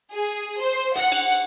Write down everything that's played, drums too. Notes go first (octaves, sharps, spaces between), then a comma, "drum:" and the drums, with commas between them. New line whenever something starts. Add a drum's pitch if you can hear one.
G#4
C5
F#5, drum: hi-hat
drum: cymbal